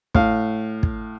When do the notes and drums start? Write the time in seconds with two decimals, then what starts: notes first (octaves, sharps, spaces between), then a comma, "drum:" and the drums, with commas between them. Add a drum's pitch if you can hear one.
0.15 A2 F5, drum: kick
0.83 drum: kick